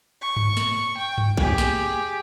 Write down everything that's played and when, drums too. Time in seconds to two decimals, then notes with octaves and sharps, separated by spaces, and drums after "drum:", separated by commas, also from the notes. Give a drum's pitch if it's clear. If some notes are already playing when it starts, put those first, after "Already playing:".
0.21 C#6
0.36 drum: tom G2
0.57 drum: snare
0.97 G5
1.18 drum: tom G2
1.37 G4 G#4, drum: kick A1
1.58 drum: snare